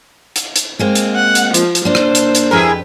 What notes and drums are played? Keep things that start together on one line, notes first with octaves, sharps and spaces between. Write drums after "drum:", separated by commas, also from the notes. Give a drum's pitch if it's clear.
drum: hi-hat
drum: hi-hat
G#3 A#3 C4
drum: hi-hat
F#5
drum: hi-hat
F3, drum: hi-hat
drum: hi-hat
A#3 D4 C5
drum: rim click
drum: hi-hat
drum: hi-hat
F2 E4 G4 G#4 A#4 B4